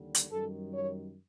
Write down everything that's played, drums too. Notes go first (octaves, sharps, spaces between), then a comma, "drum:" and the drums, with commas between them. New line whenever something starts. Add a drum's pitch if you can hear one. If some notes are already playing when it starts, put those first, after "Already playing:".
Already playing: D#2 D3 G3
drum: hi-hat
F#2 D#3 G3 A4
C#5